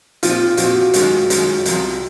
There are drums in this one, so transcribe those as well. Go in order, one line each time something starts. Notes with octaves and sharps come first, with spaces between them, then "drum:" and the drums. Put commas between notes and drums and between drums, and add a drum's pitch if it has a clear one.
A#2 F3 C4 F4, drum: hi-hat
A#2 F3 C4 F#4, drum: hi-hat
F#4
F#2 D#3 G#3 C#4 F4, drum: hi-hat
F#2 D#3 G#3 C#4 F4, drum: hi-hat
C2 C3 F3, drum: hi-hat